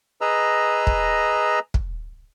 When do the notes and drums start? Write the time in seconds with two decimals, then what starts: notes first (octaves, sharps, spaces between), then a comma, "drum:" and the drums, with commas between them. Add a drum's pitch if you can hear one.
0.21 G#4 B4 D#5 A#5 E6
0.87 drum: kick
1.74 drum: kick